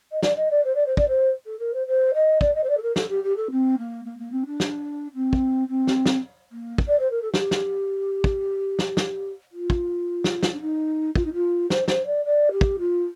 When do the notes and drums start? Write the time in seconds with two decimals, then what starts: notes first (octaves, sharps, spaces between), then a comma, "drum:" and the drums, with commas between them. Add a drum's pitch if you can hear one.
0.12 D#5
0.23 D5, drum: snare
0.36 D#5
0.51 D5
0.64 C5
0.75 D5
0.86 C5
0.97 D5, drum: kick
1.08 C5
1.46 A4
1.59 A#4
1.74 C5
1.87 C5
2.14 D#5
2.41 D5, drum: kick
2.55 D#5
2.63 C5
2.69 D5
2.77 A4
2.82 A#4
2.96 A4, drum: snare
3.09 G4
3.24 G4
3.36 A4
3.51 C4
3.78 A#3
4.05 A#3
4.19 A#3
4.32 C4
4.46 D4
4.60 drum: snare
5.15 C4
5.33 drum: kick
5.69 C4
5.87 drum: snare
6.06 drum: snare
6.52 A#3
6.78 drum: kick
6.88 D5
6.99 C5
7.11 A#4
7.22 A4
7.34 G4, drum: snare
7.51 drum: snare
8.24 drum: kick
8.79 drum: snare
8.97 drum: snare
9.52 F4
9.70 drum: kick
10.24 drum: snare
10.43 drum: snare
10.53 D4
10.61 D#4
11.16 F4, drum: kick
11.25 D#4
11.34 F4
11.70 C5, drum: snare
11.88 C5, drum: snare
12.06 D5
12.25 D5
12.52 G4
12.61 drum: kick
12.79 F4